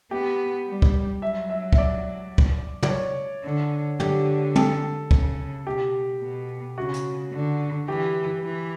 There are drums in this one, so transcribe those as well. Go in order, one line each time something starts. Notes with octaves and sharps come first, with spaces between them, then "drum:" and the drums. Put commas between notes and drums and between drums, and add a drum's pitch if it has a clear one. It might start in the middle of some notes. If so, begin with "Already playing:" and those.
B3 G4
G3
drum: kick
F#3 E5
E5
E5, drum: kick
D5
drum: kick
D5, drum: tom
C#5
D3
D3 G4, drum: tom
A4, drum: tom
C#3, drum: kick
B2 G4
B2
C#3 F#4
drum: hi-hat
D3
E3 G4
E3